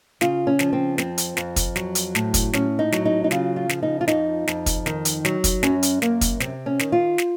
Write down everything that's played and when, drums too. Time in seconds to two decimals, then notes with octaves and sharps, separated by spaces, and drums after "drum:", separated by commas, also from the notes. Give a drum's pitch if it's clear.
0.21 C#3 F4, drum: snare
0.47 C#4
0.59 F3, drum: snare
0.73 C4
0.98 F2 C4, drum: snare
1.18 drum: hi-hat
1.37 F2, drum: snare
1.56 drum: kick, hi-hat
1.76 F#3, drum: snare
1.95 drum: hi-hat
2.15 A2, drum: snare
2.34 drum: kick, hi-hat
2.53 A2 C#4, drum: snare
2.79 D#4
2.92 F#3, drum: snare
3.05 D#4
3.24 D#4
3.31 C#3 F4, drum: snare
3.56 F4
3.69 F3, drum: snare
3.83 D#4
4.01 F4
4.08 F2 D#4, drum: snare
4.47 F2, drum: snare
4.66 drum: kick, hi-hat
4.86 D#3, drum: snare
5.05 drum: hi-hat
5.25 F#3, drum: snare
5.44 drum: kick, hi-hat
5.63 F#2 C#4, drum: snare
5.83 drum: hi-hat
6.02 F#2 A#3, drum: snare
6.21 drum: kick, hi-hat
6.40 C3 C4, drum: snare
6.66 C#4
6.79 D#3, drum: snare
6.92 F4
7.18 drum: snare